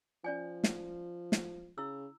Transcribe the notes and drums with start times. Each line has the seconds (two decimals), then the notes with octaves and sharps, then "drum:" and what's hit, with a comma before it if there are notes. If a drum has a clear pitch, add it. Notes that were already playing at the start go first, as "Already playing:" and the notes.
0.24 F3 C#4 D5 G#5
0.64 drum: snare
1.32 drum: snare
1.78 C#3 E4 E6